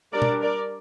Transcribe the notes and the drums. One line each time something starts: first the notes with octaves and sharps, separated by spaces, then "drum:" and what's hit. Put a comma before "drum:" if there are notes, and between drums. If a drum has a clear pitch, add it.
G3 D4 A#4 D5
drum: tom
A#4 D5